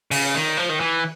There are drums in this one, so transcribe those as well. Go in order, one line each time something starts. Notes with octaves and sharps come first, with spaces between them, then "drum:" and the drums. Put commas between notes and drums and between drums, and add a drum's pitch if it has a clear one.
C#3, drum: open hi-hat
D#3
F3
D#3
E3